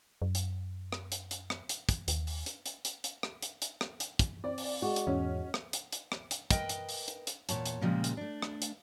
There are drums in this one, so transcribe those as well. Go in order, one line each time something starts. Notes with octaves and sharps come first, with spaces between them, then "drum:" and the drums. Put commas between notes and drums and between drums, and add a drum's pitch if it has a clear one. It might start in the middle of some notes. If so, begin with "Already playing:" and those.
F#2
drum: hi-hat
drum: rim click
drum: hi-hat
drum: hi-hat
drum: rim click
drum: hi-hat
drum: kick, hi-hat
D#2, drum: hi-hat
drum: open hi-hat
drum: hi-hat
drum: hi-hat
drum: hi-hat
drum: hi-hat
drum: rim click
drum: hi-hat
drum: hi-hat
drum: rim click
drum: hi-hat
drum: kick, hi-hat
C4 D5
drum: open hi-hat
G#3 F#4
drum: hi-hat
E2 G#2 C#4
drum: rim click
drum: hi-hat
drum: hi-hat
drum: rim click
drum: hi-hat
A#4 B4 D#5 G5, drum: kick, hi-hat
drum: hi-hat
drum: open hi-hat
drum: hi-hat
drum: hi-hat
E2 A#2 C#5 A5, drum: hi-hat
drum: hi-hat
A#2 C#3 F3 G3 G#3 A#3
drum: hi-hat
A3 D4
drum: rim click
drum: hi-hat